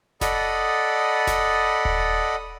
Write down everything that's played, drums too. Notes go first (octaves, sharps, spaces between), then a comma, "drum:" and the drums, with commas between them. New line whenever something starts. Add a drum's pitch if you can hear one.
A4 D5 D#5 F#5 B5 D#6, drum: snare F1
drum: snare F1
drum: kick D#1